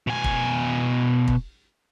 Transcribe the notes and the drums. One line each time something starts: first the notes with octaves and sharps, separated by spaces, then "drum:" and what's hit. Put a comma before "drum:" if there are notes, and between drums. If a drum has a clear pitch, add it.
B2 G#5
drum: kick
drum: kick